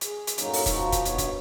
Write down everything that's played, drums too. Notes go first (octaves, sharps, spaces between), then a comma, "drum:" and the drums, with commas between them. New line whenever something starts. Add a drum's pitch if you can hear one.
G#4, drum: hi-hat
drum: hi-hat
F#2 A2 F#3 A#3 C#4 D#4, drum: hi-hat
drum: open hi-hat
F3 A#3 D#4 F4 F#4, drum: kick, hi-hat
drum: kick, hi-hat
G2 B2 B3 C#5, drum: hi-hat
drum: kick, hi-hat